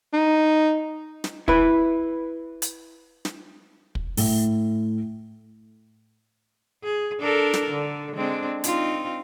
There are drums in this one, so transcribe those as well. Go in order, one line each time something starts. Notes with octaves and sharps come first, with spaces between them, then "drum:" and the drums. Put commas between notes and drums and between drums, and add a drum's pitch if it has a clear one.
D#4
drum: snare
E4 B4, drum: kick
drum: hi-hat
drum: snare
drum: kick
A2, drum: open hi-hat
G#4
D4 A4 A#4
drum: snare
D3
G#3 C4 D4
C4 D#4 F4, drum: hi-hat